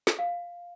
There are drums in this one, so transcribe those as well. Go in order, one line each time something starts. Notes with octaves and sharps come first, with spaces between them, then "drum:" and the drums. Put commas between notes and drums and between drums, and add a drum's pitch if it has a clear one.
drum: snare
F5